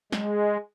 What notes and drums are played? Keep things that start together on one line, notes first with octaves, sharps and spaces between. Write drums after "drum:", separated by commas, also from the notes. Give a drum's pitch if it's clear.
G#3, drum: snare